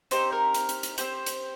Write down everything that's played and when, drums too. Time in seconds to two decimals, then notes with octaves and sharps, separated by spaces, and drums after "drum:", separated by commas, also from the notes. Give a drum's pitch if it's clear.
0.11 C4 D#4 G4 C5, drum: hi-hat
0.32 A#4
0.54 drum: hi-hat
0.69 drum: hi-hat
0.83 drum: hi-hat
0.98 C4 G4 C5, drum: hi-hat
1.26 drum: hi-hat